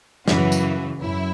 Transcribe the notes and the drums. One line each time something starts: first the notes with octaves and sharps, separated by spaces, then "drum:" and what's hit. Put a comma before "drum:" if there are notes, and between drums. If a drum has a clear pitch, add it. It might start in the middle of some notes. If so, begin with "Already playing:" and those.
F#2 C#3 E3 F#4, drum: snare
drum: tambourine
F#2 E4